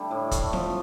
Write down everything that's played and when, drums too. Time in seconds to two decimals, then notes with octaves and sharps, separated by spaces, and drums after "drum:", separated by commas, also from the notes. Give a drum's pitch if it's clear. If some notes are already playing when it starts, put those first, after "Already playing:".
Already playing: D3 G3 A3
0.11 A2
0.31 A3, drum: kick, hi-hat
0.53 F3, drum: snare